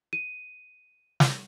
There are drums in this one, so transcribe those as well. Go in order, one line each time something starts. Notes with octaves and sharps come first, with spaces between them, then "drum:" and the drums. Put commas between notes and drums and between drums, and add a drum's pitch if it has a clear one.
D#7
drum: snare